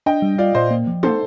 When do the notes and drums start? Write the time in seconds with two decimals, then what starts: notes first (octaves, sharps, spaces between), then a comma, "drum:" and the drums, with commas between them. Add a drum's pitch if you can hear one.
0.06 D4 D#5 G5
0.22 G3
0.38 F4 D5 F5
0.55 A#2 C5 D#5
0.71 A#3
0.87 F3
1.03 D#4 A4 C5, drum: tom